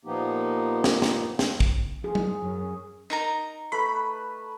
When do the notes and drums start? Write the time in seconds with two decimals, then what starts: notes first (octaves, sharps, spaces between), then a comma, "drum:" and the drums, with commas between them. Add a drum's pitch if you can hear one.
0.05 A#2 F3 A#3 B3 D#4 G4
0.84 drum: snare
1.02 drum: snare
1.39 drum: snare
1.60 drum: kick
2.04 F3 G#4
2.15 drum: tom F#3
2.39 F#2 F#3 C#4
3.10 D#4 A#4 A#5
3.72 A3 B4 B5